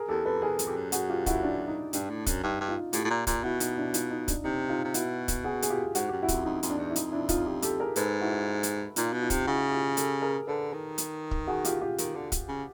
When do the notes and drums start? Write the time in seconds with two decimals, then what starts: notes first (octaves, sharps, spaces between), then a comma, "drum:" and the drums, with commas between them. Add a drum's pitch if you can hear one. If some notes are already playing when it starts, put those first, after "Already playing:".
Already playing: G#4 A#4
0.08 E2 G4 A4
0.25 F2 A4 B4
0.42 E2 G#4 A#4
0.59 F2, drum: hi-hat
0.67 G4 A4
0.76 F#2
0.92 F#4 G#4, drum: hi-hat
1.09 F4 G4
1.26 E4 F#4, drum: kick, hi-hat
1.43 D4 E4
1.68 D#4
1.93 G2 D4, drum: hi-hat
2.10 A2
2.26 F#2, drum: kick, hi-hat
2.43 G2 D#4
2.61 G2
2.68 D#4 F4
2.93 A2 F4 G4, drum: hi-hat
3.04 A2
3.10 A#2
3.27 A#2, drum: kick, hi-hat
3.43 B2 E4 F#4
3.60 D#4, drum: hi-hat
3.77 D4 E4
3.94 D#4 F4, drum: hi-hat
4.11 D#4
4.28 D4, drum: kick, hi-hat
4.44 C3 D#4
4.69 D#4 F4
4.84 C3
4.94 B2 E4 F#4, drum: hi-hat
5.28 drum: kick, hi-hat
5.44 F#4 G#4
5.62 G#4, drum: hi-hat
5.70 F4 G4
5.95 G#2 F#4, drum: hi-hat
6.09 F#2 G4
6.22 E4 F#4
6.28 F2, drum: kick, hi-hat
6.45 F2 D#4
6.63 F2, drum: hi-hat
6.70 D4
6.79 E2
6.90 E4
6.96 F2 D#4, drum: hi-hat
7.12 D4 E4
7.29 D#4 F4, drum: kick, hi-hat
7.46 F4 G4
7.62 G4 A4, drum: hi-hat
7.80 G#4 A#4
7.96 G#2 A4 B4, drum: hi-hat
8.21 E4 F#4
8.63 drum: hi-hat
8.96 A#2 D#4 F4, drum: hi-hat
9.13 B2
9.22 D#4 F4
9.30 C3, drum: kick, hi-hat
9.46 C#3 E4 F#4
9.72 F4 G4
9.97 G4 A4, drum: hi-hat
10.22 G#4 A#4
10.47 D3 A4 B4
10.73 D#3
10.98 drum: hi-hat
11.31 drum: kick
11.47 F#4 G#4
11.65 F4 G4, drum: hi-hat
11.81 F4 G4
11.98 D#3, drum: hi-hat
12.15 D3
12.32 drum: kick, hi-hat
12.48 C#3